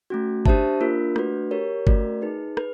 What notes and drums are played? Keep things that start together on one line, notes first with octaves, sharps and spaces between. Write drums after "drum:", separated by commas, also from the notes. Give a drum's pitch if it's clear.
A3 C#4 F#4
D4 G4 C5 E5 A5, drum: kick
A#3 D4 F4 A#4
A3 D4 F#4 B4, drum: rim click
G4 A#4 C#5
A3 C#4 F#4 A#4 D5, drum: kick
D#4 G#4 B4
G#4 B4, drum: rim click